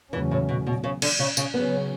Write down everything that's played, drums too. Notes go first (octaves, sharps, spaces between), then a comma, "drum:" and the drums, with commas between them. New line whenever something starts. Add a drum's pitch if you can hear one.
E2 C#3 E3 F#3 A3 C#4
A2
B2
B2
C#3
D3, drum: cymbal
C#3
C#3, drum: tambourine
C#3 F#3 B3 C#4